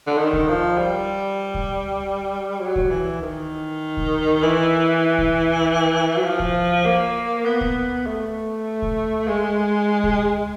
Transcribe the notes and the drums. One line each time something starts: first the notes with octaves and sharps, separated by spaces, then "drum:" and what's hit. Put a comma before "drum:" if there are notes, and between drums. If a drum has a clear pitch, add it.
D3
D#3
drum: kick C#2
F3
G3
drum: kick C#2
F#3
drum: kick C#2
E3
D#3
drum: kick C#2
E3
drum: kick C#2
F#3
F3
drum: kick C#2
A#3
B3
drum: kick C#2
A3
drum: kick C#2
G#3
drum: kick C#2